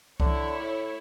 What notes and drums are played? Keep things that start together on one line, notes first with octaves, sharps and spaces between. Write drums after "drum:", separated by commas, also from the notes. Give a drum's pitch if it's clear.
D3 E4 C#5, drum: kick C2
A2